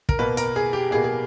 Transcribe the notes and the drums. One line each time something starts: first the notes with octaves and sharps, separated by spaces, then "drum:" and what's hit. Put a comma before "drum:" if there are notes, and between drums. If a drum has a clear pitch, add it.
A#4, drum: kick
B2 A#3 B4
A#4, drum: hi-hat
G#4
G4
B2 A#3 G#4
G#4